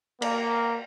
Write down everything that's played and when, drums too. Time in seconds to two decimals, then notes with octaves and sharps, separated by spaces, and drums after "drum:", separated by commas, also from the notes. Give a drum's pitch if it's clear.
0.22 A#3, drum: cymbal